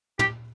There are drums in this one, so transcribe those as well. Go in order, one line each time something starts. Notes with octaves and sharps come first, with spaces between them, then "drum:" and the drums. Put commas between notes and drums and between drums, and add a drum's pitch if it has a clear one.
G4, drum: tom